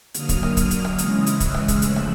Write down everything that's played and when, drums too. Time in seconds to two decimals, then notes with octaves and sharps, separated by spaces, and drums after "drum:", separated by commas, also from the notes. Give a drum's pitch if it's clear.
0.14 D3 F#3 A#3 D#6 F6, drum: hi-hat
0.29 drum: kick, hi-hat
0.43 drum: rim click
0.57 drum: kick, hi-hat
0.71 drum: hi-hat
0.85 drum: rim click
0.98 C#3 E3 G#3 D#6 F6, drum: hi-hat
1.26 drum: hi-hat
1.40 E6 F#6, drum: kick, hi-hat
1.54 drum: rim click
1.68 drum: kick, hi-hat
1.82 C#3 F3 A3, drum: hi-hat
1.96 drum: rim click